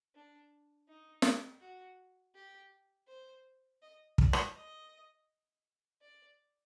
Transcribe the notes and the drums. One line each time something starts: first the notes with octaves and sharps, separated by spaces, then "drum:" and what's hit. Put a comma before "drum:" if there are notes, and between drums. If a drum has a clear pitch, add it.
D4
D#4
drum: snare
F#4
G4
C5
D#5
D5, drum: kick
drum: rim click
D#5
D5